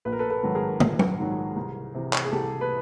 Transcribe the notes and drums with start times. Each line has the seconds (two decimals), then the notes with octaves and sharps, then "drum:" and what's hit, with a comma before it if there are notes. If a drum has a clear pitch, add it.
0.05 A#1 B4
0.12 A#4
0.19 A4 B4
0.30 A4 B4
0.43 G#2 D#3 F#3
0.55 G#4 A#4
0.80 A#1, drum: tom
0.99 drum: tom
1.18 G#2 D#3 F#3
1.56 C2
1.94 C3 E3
2.13 drum: clap
2.25 G#4
2.32 C2 G4 A4
2.61 B4